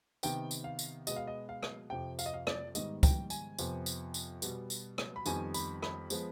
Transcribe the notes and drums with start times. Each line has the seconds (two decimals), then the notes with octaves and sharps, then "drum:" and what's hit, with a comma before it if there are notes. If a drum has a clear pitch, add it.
0.23 C3 D#3 B3 G5, drum: tambourine
0.51 drum: tambourine
0.64 F5
0.79 drum: tambourine
1.07 B2 G#3 B3 D#5, drum: tambourine
1.16 F5
1.27 D#5
1.49 F5
1.63 drum: rim click
1.90 F2 C3 F3 G5
2.19 F5, drum: tambourine
2.26 D#5
2.34 F5
2.47 D5, drum: rim click
2.75 G#2 D#3 G3 B3 D#5, drum: tambourine
3.03 G5, drum: kick, tambourine
3.30 G#5, drum: tambourine
3.59 F2 C3 F3 B3, drum: tambourine
3.86 drum: tambourine
4.14 drum: tambourine
4.42 B2 G3 B3, drum: tambourine
4.70 drum: tambourine
4.98 drum: rim click
5.16 B5
5.26 F2 D#3 G3 B3 G#5, drum: tambourine
5.54 B5, drum: tambourine
5.82 B5, drum: rim click
6.10 F3 G#3 B3, drum: tambourine